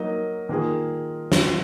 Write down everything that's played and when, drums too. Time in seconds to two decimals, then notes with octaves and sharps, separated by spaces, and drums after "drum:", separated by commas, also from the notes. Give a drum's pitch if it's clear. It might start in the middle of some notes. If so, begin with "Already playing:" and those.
Already playing: F#3 A#3 D#4 A#4 D#5
0.49 D#3 A#3 F4 G#4
1.32 drum: snare